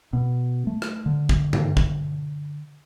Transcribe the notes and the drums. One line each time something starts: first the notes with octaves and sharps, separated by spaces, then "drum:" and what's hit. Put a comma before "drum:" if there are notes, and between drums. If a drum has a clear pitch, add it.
B2
A3
drum: rim click
D3
drum: kick
drum: tom G2
drum: kick